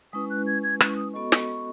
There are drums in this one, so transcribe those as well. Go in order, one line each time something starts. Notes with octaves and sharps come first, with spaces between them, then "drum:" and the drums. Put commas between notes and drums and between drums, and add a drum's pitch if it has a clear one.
G#3 C#4 E4 B4 D#6
F#6
G#6
G#6
F#6, drum: rim click
C#6
D#6
B3 F#4 A4 D#5 C#6
drum: snare